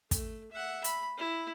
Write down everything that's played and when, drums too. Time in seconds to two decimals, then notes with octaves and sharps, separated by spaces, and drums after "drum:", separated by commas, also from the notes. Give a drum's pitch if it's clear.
0.11 A3, drum: kick, hi-hat
0.52 E5 F#5
0.84 B5, drum: hi-hat
1.18 E4